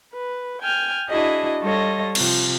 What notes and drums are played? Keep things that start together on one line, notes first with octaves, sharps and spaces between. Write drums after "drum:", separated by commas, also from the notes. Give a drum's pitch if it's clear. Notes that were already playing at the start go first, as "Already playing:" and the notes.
B4
G5 G#5 F6
D4 E4 F#4 G#4 D#5
G3 F4 A4 C#5 D#5 A#6
C3 F3, drum: cymbal